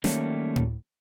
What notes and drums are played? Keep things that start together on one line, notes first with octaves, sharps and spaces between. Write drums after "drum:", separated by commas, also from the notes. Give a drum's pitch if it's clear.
D#3 F#3 G3 A3 A#3 C#4, drum: snare
drum: tom A2